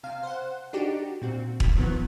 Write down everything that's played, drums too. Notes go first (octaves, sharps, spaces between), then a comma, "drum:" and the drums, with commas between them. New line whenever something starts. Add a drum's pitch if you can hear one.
C3 F5
C5 F#5
D4 D#4 F#4 G4
A#2 C4 F#4
B6, drum: kick
D#3 F3 F#3 A#3 B3